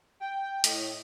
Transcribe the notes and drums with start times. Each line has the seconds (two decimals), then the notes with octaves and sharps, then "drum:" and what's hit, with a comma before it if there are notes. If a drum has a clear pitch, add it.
0.21 G5
0.64 A2 D#5, drum: hi-hat